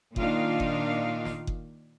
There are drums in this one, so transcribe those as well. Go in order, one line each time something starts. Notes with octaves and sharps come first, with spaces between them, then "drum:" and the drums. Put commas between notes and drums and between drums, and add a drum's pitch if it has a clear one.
A#2 D#3 D4 D#4 F4 F5, drum: kick F#1
drum: kick F#1
drum: snare
drum: kick F#1